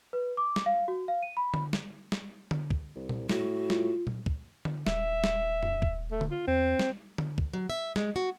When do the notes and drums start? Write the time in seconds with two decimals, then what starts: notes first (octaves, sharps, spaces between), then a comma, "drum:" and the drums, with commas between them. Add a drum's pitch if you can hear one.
0.13 B4
0.37 D6
0.56 drum: snare
0.66 F5
0.88 F#4
1.08 F5
1.23 D#7
1.37 B5
1.54 drum: tom D3
1.73 drum: snare
2.12 drum: snare
2.51 drum: tom D3
2.70 drum: kick
2.95 C2
3.09 drum: tom A#2
3.29 A2 F#4, drum: snare
3.70 F4, drum: snare
4.07 drum: tom A#2
4.26 drum: kick
4.65 drum: tom D3
4.87 D#1 E5, drum: snare
5.24 drum: snare
5.63 drum: tom F2
5.82 drum: kick
6.12 A3
6.21 drum: tom D3
6.31 F4
6.48 E2 C4
6.79 drum: snare
7.18 drum: tom D3
7.38 drum: kick
7.53 F#3
7.70 E5
7.96 G#3, drum: snare
8.16 F#4